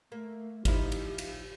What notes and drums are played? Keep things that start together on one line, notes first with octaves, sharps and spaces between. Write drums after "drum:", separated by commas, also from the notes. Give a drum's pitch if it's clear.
A3 A#3
F3 D#4 E4 G4, drum: kick, cymbal
drum: cymbal
drum: cymbal